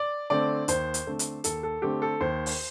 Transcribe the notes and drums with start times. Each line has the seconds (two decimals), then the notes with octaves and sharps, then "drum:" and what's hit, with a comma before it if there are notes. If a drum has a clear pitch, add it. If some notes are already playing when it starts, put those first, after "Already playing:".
Already playing: D5
0.30 D3 A3 C4 D5
0.68 D#2 C5, drum: hi-hat
0.94 drum: hi-hat
1.06 D3 A3 C4
1.19 drum: hi-hat
1.44 D#2 A4, drum: hi-hat
1.63 A4
1.82 D3 A3 C4 G4
2.02 A4
2.21 D#2 C5
2.46 drum: open hi-hat